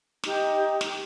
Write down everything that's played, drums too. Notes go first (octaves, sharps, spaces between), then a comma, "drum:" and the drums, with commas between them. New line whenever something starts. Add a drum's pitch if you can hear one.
D#4 G4, drum: snare
drum: snare